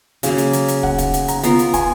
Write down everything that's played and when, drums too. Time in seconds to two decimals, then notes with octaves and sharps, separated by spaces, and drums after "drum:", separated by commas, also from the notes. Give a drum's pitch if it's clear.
0.23 C#3 F#3 A#3 F5, drum: hi-hat
0.38 drum: hi-hat
0.53 drum: hi-hat
0.68 drum: hi-hat
0.83 F#5, drum: kick
0.99 F#5, drum: kick, hi-hat
1.14 drum: hi-hat
1.28 A#5, drum: hi-hat
1.44 B3 F4 A#4, drum: hi-hat
1.59 drum: hi-hat
1.74 G#5, drum: kick, hi-hat